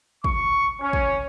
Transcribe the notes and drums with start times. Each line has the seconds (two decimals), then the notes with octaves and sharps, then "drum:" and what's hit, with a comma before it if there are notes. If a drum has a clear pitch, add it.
0.24 C#6, drum: kick
0.81 C#4
0.93 drum: kick